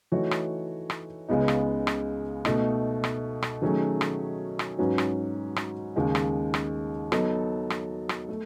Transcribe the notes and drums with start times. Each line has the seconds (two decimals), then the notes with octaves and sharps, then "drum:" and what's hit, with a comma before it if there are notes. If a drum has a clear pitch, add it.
0.12 E3 A3 D#4 F#4 C#5
0.31 drum: rim click
0.90 drum: rim click
1.29 C#2 C#3 G#3 B3 D#4
1.48 drum: rim click
1.87 drum: rim click
2.45 B2 A3 D#4, drum: rim click
3.04 drum: rim click
3.42 drum: rim click
3.62 D#3 F#3 A3 C#4 G#4
4.01 drum: rim click
4.59 drum: rim click
4.78 G#2 F#3 C#4 F#4 B4
4.98 drum: rim click
5.56 drum: rim click
5.96 D#2 C#3 G#3 D#4
6.15 drum: rim click
6.54 drum: rim click
7.12 F#3 B3 D#4 A4, drum: rim click
7.70 drum: rim click
8.09 drum: rim click
8.29 A3